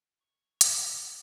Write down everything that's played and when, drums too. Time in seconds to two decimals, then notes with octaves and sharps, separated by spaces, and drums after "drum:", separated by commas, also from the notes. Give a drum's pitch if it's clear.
0.21 C#5
0.61 drum: hi-hat